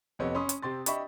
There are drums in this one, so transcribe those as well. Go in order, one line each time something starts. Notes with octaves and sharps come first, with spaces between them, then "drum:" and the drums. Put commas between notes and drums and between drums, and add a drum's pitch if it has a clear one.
F1 F2 C3 B3 C#5 D#5
C#4 B5 C6 D#6
drum: hi-hat
C3 C4 C6 A6
D4 G4 D#5 E5 B5 C#6, drum: hi-hat